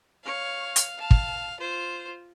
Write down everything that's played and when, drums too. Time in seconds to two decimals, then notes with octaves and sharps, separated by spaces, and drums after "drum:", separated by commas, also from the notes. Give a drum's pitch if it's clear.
0.25 C#5 F5
0.76 drum: hi-hat
1.00 F5 A5
1.11 drum: kick
1.60 F4 C5